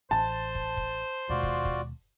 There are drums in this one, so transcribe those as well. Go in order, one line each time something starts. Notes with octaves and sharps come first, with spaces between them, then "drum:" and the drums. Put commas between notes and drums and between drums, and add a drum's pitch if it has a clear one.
A1 C5 A5
drum: kick
drum: kick
D#2 B2 G#3 F4 F#4 D5
drum: kick
drum: kick